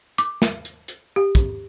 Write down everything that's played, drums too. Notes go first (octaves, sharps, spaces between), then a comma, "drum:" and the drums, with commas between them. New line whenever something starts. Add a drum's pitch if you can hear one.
D6, drum: hi-hat
drum: snare
drum: hi-hat
drum: hi-hat
G4
drum: kick, hi-hat